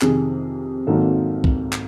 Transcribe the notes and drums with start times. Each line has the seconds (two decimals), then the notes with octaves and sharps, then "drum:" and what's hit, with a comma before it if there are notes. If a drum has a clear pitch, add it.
0.01 F2 C3 D#3 G#4, drum: clap
0.87 G#1 G#2 D#3 F#3 A#3 A4
1.44 drum: kick B1
1.73 drum: clap